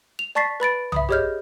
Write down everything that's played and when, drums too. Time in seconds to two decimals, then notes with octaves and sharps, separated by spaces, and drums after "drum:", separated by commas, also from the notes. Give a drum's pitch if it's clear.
0.19 F7
0.35 D5 A5 C#6 A6 B6 C7
0.60 B4 B5 A6 D7
0.92 E5 B5 D#6, drum: tom
1.09 G4 G#4 C#5 D#5 F6 G6